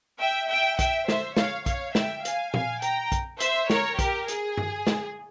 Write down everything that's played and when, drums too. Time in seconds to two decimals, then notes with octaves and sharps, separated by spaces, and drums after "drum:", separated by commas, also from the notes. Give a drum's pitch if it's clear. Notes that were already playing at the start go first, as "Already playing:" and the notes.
0.20 E5 G5
0.49 E5 G5
0.79 E5 G5, drum: kick, hi-hat
1.08 C5 E5, drum: snare
1.37 C#5 F5, drum: snare
1.66 C#5 F5, drum: kick, hi-hat
1.95 E5 G5, drum: snare
2.25 F5 G#5, drum: hi-hat
2.54 F5 G#5, drum: tom A#2
2.82 G5 A#5, drum: hi-hat
3.12 drum: kick, hi-hat
3.40 C5 E5, drum: hi-hat
3.70 A#4 C#5, drum: snare
3.99 G4 A#4, drum: kick, hi-hat
4.28 G#4, drum: hi-hat
4.57 drum: tom G2
4.87 drum: snare